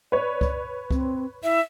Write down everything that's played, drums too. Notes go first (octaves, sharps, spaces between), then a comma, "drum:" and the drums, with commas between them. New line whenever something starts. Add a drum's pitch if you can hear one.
B4 C#5 D5
drum: kick C#2
C4, drum: kick C#2
E4 E5